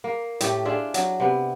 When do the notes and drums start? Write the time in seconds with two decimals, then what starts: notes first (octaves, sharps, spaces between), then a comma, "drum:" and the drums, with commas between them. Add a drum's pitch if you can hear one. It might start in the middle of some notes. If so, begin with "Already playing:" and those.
0.04 A#3
0.40 A2 A3 G4, drum: hi-hat
0.65 D4 F4 G#4 E5
0.94 F#3, drum: hi-hat
1.20 C3 B3